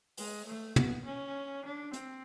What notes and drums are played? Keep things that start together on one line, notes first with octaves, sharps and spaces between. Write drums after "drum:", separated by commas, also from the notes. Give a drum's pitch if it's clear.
G#3, drum: open hi-hat
A3
B3, drum: tom
C#4
D4
C4, drum: hi-hat